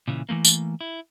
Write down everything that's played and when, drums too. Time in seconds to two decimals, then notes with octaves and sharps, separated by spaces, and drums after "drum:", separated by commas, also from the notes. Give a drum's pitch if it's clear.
0.08 A#2 C#3 E3
0.29 E3 F3 A3 A#3
0.45 drum: tambourine
0.81 E4